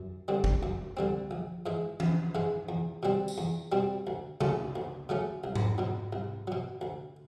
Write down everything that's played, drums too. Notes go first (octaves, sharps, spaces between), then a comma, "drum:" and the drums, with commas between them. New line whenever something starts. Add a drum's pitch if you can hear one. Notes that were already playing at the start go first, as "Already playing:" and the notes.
Already playing: F#2
D3 G3 C4
drum: kick
F#2
D3 G3 C4
A#1
G#2 E3 G#3
A#1, drum: tom E3
G#2 E3 G#3
E2
B2 G3 C4
drum: tambourine
E2
B2 G3 C4
D2
C#3 F#3 A3 C#4, drum: tom C3
D2
C#3 F#3 A3 C#4
C2
drum: tom G#2
B2 F#3
C2
B2 F#3
D2